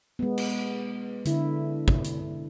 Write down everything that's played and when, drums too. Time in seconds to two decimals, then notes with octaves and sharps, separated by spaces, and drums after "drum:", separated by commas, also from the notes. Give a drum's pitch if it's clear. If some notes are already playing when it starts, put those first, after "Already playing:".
0.19 G#3 B3
0.38 drum: cymbal
1.25 D3 E4, drum: hi-hat
1.88 drum: kick
2.04 drum: hi-hat